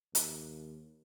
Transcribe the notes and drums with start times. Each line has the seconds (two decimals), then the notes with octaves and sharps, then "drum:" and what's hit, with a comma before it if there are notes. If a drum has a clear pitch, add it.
0.15 D#2, drum: hi-hat